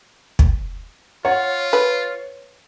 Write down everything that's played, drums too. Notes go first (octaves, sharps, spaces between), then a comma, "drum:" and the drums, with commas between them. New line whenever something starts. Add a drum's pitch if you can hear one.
drum: kick
F4 C#5 F#5
B4